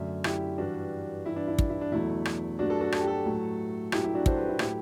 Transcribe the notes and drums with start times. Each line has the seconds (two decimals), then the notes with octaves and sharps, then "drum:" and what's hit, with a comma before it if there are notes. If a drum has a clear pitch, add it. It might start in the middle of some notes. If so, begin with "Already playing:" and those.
Already playing: F#2 D3 F#3 A3 E5
0.24 E4 G4, drum: rim click
0.58 G2 E3 G3 D4 F#4
1.25 G2 E3 G3 E4
1.36 D4
1.47 E4
1.59 drum: kick
1.70 E4
1.81 D4
1.91 E2 B2 F#3 A3 E4
2.25 drum: rim click
2.59 G2 F#3 A3 D4 F#4
2.69 F#4 A4
2.81 F#4 A4
2.92 A4, drum: rim click
2.99 G4
3.06 F#4 A4
3.26 A2 F#3 A3
3.92 G2 F#3 A3 E4 G4, drum: rim click
4.04 E4 G4
4.15 D4 F#4
4.26 A4 C5, drum: kick
4.37 G4 B4
4.49 E4
4.59 A2 F#3 A3 E4 G4, drum: rim click